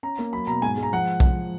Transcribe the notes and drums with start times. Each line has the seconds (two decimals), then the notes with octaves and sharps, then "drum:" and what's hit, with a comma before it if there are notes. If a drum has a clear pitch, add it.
0.03 C#4 A#5
0.19 A#3
0.33 F#3 B5
0.47 B2 A#5
0.62 G#2 G#5
0.77 G#3
0.83 A#5
0.93 F3 F#5
1.20 drum: kick